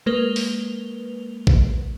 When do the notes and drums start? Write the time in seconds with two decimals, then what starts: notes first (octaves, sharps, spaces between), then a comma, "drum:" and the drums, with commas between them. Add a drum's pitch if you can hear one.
0.06 G#3 A#3 A#4 B4 F7 G7
0.36 drum: open hi-hat
1.47 drum: kick A1